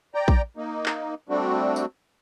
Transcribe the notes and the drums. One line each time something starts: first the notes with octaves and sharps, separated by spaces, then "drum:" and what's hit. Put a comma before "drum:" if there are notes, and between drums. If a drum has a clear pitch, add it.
D5 G5 A#5
drum: kick
A#3 D#4
drum: clap
G3 A3 C4 D4 F#4
drum: tambourine